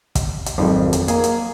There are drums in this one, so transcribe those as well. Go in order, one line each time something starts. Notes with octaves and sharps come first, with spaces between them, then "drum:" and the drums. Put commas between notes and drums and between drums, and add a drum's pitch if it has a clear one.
drum: kick, hi-hat
drum: hi-hat
G#1 F2 F#3 D#4
drum: hi-hat
A#3 G#4, drum: hi-hat
drum: hi-hat